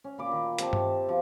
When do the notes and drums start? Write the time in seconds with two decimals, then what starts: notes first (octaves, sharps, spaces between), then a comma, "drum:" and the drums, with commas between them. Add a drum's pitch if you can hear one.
0.04 C#4
0.18 A#2 B5 D6
0.31 D#3 D6
0.58 C4 G4 A5, drum: hi-hat
0.73 A4 E5, drum: tom G2
1.07 B2 F3